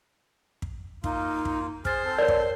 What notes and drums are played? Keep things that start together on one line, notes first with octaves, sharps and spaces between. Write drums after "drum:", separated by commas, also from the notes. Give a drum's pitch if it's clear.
drum: kick
A#3 D#4 F4, drum: kick
drum: kick
G#4 C5 F6 A6, drum: kick
C4 A4
A#4 C#5 D5
drum: kick